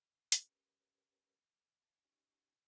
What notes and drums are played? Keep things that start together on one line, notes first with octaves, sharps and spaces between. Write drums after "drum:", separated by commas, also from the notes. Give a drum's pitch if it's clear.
C#4 G4 A#4 B4, drum: hi-hat
A5
C#4 D#4 G4 G#5 C#6